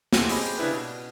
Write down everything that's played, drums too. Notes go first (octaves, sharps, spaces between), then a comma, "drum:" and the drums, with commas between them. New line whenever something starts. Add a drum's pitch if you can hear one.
C4 C#4 E4 F#4 G4 A4, drum: snare
G4 G#4 C5 D#5 B5, drum: open hi-hat
C#3 D4 E4 B4
B2